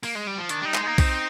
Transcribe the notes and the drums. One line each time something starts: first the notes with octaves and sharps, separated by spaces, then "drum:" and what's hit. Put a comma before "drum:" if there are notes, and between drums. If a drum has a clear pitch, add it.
A#3, drum: open hi-hat
G#3
G3
F3
D#3 D4, drum: hi-hat
G3 D4 D#4
G#3, drum: clap
A#3 D#4
C4 D#4, drum: kick B1, open hi-hat